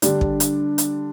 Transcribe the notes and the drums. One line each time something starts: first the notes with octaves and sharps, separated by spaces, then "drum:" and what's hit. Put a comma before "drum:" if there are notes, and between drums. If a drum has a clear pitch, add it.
D3 G3 D4, drum: hi-hat
drum: kick
drum: hi-hat
drum: hi-hat